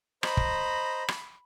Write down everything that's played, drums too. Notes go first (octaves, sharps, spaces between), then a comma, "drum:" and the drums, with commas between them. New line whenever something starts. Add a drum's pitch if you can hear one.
C5 D#5 A#5 B5, drum: rim click
drum: kick
drum: rim click